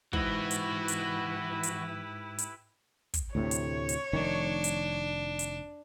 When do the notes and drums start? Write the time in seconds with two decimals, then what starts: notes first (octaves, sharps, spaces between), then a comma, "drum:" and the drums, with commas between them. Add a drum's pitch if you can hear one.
0.13 G#2 E3 E4 F#4 G4 B4 D#5, drum: kick
0.51 drum: hi-hat
0.88 drum: hi-hat
1.63 drum: hi-hat
2.38 drum: hi-hat
3.14 drum: kick, hi-hat
3.35 D2 A2 C3 C#5
3.51 drum: hi-hat
3.89 drum: hi-hat
4.13 F1 D#3 D4
4.64 drum: hi-hat
5.39 drum: hi-hat